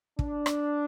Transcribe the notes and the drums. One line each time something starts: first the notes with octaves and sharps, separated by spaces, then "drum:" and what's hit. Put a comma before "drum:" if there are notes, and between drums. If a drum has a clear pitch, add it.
D4, drum: kick
drum: rim click